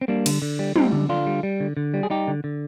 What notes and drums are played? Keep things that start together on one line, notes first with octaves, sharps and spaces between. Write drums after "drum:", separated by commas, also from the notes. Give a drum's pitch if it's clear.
C4
G3 A#3 D4
D3, drum: cymbal
D3
G3
G3 C4 D#4, drum: tom
D3
D3 D4 F4
G3
G3
D3
D3
G3
G#4
G3 D#4 G4
D3
D3